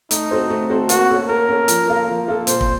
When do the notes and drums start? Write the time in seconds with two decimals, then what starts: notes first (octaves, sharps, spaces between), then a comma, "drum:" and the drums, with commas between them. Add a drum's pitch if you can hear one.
0.11 A3 D#4, drum: hi-hat
0.31 C4 F#4 A4 C5
0.50 A3
0.70 C4 F#4 A4 C5
0.89 A#3 F#4, drum: hi-hat
1.10 C#4 A4
1.29 A#3 A#4
1.49 C#4 A4
1.68 F3, drum: hi-hat
1.88 A#3 F4 A4
2.08 F3
2.28 A#3 F4 A4
2.47 A#2 C5, drum: hi-hat
2.61 drum: kick